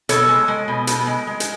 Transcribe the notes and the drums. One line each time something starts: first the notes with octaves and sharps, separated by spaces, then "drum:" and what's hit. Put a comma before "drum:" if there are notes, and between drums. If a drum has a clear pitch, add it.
B2 A4 C#5, drum: hi-hat
G#3
G#3
B2
B2, drum: hi-hat
G#3
G#3
drum: hi-hat